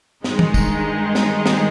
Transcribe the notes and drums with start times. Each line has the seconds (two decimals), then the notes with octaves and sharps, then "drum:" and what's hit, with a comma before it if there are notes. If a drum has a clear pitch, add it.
0.24 G2 D#3 G#3 D#4, drum: snare
0.39 drum: tom
0.54 drum: kick, tambourine
1.15 drum: snare
1.46 drum: snare